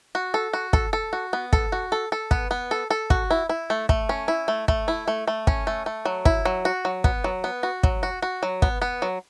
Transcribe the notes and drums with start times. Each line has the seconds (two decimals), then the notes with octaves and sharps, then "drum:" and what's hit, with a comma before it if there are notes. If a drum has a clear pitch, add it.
0.15 F#4
0.34 A4
0.53 F#4
0.73 A4, drum: kick
0.93 A4
1.13 F#4
1.33 B3
1.53 A4, drum: kick
1.72 F#4
1.92 A4
2.12 A4
2.31 B3, drum: kick
2.51 B3
2.71 A4
2.90 A4
3.10 F#4, drum: kick
3.31 E4
3.49 E4
3.70 A3
3.89 A3, drum: kick
4.09 C#4
4.28 E4
4.48 A3
4.68 A3, drum: kick
4.88 E4
5.08 A3
5.28 A3
5.47 C#4, drum: kick
5.67 A3
5.86 A3
6.05 F#3
6.25 E4, drum: kick
6.45 F#3
6.65 F#4
6.85 F#3
7.04 B3, drum: kick
7.24 F#3
7.44 B3
7.63 F#4
7.83 F#3, drum: kick
8.03 F#4
8.22 F#4
8.43 F#3
8.62 B3, drum: kick
8.82 B3
9.02 F#3